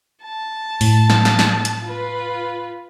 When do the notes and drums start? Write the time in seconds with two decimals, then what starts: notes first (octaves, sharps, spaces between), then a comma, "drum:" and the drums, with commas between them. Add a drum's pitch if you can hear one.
0.24 A5
0.81 A2, drum: open hi-hat
1.10 drum: snare
1.25 drum: snare
1.39 drum: snare
1.65 drum: hi-hat
1.84 F4 B4